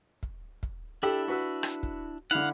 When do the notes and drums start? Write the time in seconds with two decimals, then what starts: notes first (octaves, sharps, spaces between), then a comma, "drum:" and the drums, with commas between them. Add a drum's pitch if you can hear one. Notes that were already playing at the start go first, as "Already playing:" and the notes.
0.23 drum: kick
0.63 drum: kick
1.03 D4 E4 G4 A4
1.28 F#4 B4 E6
1.63 drum: rim click
1.83 drum: kick
2.31 D3 E4 F5 F#5